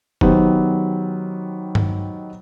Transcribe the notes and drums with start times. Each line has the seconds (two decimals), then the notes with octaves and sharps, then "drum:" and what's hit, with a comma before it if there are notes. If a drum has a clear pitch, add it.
0.21 D#3 F#3 B3 G4 C5, drum: kick
1.75 drum: tom G2